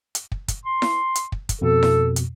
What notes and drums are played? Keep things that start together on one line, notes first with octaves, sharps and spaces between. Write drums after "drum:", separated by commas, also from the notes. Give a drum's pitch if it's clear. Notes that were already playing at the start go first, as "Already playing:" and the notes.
drum: hi-hat
drum: kick
drum: kick, hi-hat
C6
drum: snare E4
drum: hi-hat
drum: kick
drum: kick, hi-hat
F2 B2 A4
drum: snare E4
drum: hi-hat